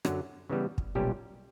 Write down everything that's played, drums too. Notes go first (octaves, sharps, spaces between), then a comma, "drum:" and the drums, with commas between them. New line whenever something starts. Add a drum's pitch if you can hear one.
F#2 D3 F#3, drum: rim click
C#3 E3 G3 B3
drum: kick
B1 A#2 G3 C#4 G4